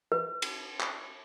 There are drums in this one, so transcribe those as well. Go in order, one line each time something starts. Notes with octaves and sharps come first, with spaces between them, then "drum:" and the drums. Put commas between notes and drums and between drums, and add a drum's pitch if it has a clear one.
B4
drum: cymbal
drum: clap